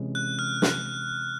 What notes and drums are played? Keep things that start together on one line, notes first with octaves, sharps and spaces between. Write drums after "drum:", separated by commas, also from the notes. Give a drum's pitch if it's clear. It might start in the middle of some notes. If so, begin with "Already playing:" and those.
Already playing: C3 E3 G#3 C#4
F#6
F6
F#6, drum: snare